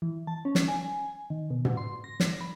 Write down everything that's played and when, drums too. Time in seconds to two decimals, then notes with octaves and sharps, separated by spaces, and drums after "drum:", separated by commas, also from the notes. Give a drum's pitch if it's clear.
0.02 E3
0.27 A5
0.45 C#4
0.55 drum: snare
0.68 G#5
1.30 D#3
1.50 B2
1.65 drum: tom
1.77 C6
2.04 A#6
2.20 drum: snare
2.41 B5